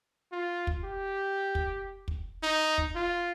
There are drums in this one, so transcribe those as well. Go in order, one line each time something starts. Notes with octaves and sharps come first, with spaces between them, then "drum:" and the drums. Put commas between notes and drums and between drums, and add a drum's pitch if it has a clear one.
F4
drum: kick
G4
drum: kick
drum: kick
D#4
drum: kick
F4